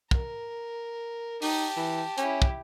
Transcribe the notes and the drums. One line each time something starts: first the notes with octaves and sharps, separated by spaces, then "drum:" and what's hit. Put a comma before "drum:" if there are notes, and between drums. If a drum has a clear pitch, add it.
A#4, drum: kick
D#4 G4 A5, drum: open hi-hat
E3
C#4 E4 G4, drum: hi-hat
drum: kick